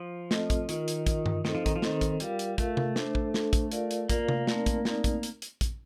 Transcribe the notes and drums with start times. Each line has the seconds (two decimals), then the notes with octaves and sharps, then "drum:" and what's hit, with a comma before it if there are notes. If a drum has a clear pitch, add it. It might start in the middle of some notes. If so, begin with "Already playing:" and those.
Already playing: F3
0.31 A3 C4 F4 A4 D#5, drum: snare
0.50 drum: kick, hi-hat
0.69 D#3 F4 A#4 D#5, drum: hi-hat
0.88 drum: hi-hat
1.07 F4 A#4 D#5, drum: kick, hi-hat
1.26 drum: tom G2
1.45 D#3 C4 D#4 A4 C5 D#5, drum: snare
1.55 F3
1.66 D#3, drum: kick, hi-hat
1.76 F3
1.82 D#3 C4 D#4 A4 C5 D#5, drum: snare
2.01 drum: kick, hi-hat
2.20 G3 F4 A#4 F5, drum: hi-hat
2.39 drum: hi-hat
2.58 A3 F4 A#4 F5, drum: kick, hi-hat
2.77 drum: tom C3
2.96 D4 A4 C5, drum: snare
3.15 drum: kick
3.34 D4 A4 C5, drum: snare
3.53 drum: kick, hi-hat
3.72 F4 A#4 D5 F5, drum: hi-hat
3.91 drum: hi-hat
4.10 A#3 F4 A#4 D5 F5, drum: kick, hi-hat
4.29 drum: tom C3
4.47 A3 C4 D#4 A#4 D5, drum: snare
4.66 drum: kick, hi-hat
4.85 A3 C4 D#4 A#4 D5, drum: snare
5.04 drum: kick, hi-hat
5.23 drum: hi-hat
5.42 drum: hi-hat
5.61 drum: kick, hi-hat